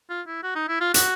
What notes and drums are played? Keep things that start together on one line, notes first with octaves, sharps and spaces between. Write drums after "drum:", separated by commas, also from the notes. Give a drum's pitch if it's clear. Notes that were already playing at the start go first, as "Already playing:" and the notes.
F4
E4
F#4
D#4
E4
F4
F#4, drum: hi-hat